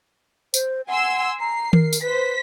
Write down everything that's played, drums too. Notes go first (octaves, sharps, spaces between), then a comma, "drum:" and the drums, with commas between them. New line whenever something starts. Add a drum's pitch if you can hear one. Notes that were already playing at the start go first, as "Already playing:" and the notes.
C5, drum: tambourine
F#5 G#5 C6 E6
A#5 C7
A#4, drum: tom D#3
drum: tambourine
B4 C5 B6